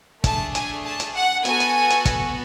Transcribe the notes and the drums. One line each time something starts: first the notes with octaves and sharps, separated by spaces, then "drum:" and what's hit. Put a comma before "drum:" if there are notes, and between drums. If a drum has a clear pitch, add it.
A3 D4 G#4 A5, drum: kick, hi-hat
G#5, drum: hi-hat
A5
drum: hi-hat
F#5
B3 F#4 A4 G#5, drum: hi-hat
drum: hi-hat
drum: hi-hat
drum: kick, hi-hat